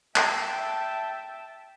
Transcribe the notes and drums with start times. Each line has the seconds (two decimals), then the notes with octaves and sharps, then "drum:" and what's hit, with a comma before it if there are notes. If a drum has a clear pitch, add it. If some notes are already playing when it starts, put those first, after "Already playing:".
0.16 E5 G5 A5, drum: clap